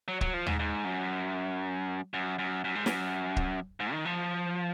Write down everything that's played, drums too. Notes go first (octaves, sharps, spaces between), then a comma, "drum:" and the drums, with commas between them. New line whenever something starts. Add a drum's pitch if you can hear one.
F#3
F#3, drum: kick D1
F3
G#2, drum: tom D#2
G#2
F#2
F#2
F#2
F#2
G#2
F#2, drum: snare
drum: kick D1
G#2
D#3
F3